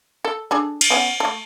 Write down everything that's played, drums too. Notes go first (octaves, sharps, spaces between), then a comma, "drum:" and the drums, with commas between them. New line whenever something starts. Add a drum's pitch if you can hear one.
A4
D4 G#4 A4
drum: cymbal
B3 C#4 F#5
A3 A4